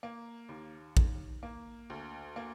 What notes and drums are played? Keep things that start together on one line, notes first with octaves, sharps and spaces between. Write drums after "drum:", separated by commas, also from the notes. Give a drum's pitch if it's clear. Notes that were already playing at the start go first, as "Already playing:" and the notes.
A#3
D#2
D#3, drum: kick A1
A#3
D2
A#3